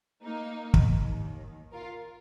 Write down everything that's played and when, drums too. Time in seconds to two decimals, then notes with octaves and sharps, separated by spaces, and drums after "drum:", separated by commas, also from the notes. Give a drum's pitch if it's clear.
0.25 A#3 D#4
0.74 drum: kick
0.99 D#2 D#3
1.73 F4 A#4